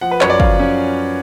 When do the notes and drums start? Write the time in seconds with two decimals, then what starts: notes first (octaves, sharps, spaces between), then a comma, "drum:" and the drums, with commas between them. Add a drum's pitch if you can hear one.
0.01 F3 F#5
0.11 B4
0.21 F#2 C#5, drum: clap
0.30 D5
0.40 F3 F5, drum: kick
0.60 C#4